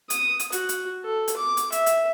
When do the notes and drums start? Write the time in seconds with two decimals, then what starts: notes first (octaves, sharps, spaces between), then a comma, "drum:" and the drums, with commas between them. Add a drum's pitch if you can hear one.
0.10 D#6, drum: hi-hat
0.39 drum: hi-hat
0.52 F#4, drum: hi-hat
0.69 drum: hi-hat
1.05 A4
1.28 drum: hi-hat
1.37 D6
1.57 drum: hi-hat
1.72 E5, drum: hi-hat
1.86 drum: hi-hat